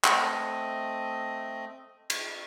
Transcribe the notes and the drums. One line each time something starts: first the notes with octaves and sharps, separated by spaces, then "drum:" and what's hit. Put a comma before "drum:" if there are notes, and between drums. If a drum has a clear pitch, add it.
A3 C4 D#5, drum: clap
drum: cymbal